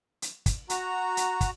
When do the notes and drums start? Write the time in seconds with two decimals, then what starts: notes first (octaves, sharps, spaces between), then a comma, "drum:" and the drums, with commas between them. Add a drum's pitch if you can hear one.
0.22 drum: hi-hat
0.46 drum: kick, hi-hat
0.70 F#4 A#5, drum: hi-hat
1.17 drum: hi-hat
1.41 drum: kick, hi-hat